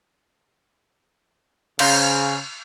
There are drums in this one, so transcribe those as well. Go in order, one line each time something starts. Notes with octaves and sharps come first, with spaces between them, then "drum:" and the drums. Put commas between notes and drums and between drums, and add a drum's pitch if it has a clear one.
C#3 C5 F5 A#5, drum: cymbal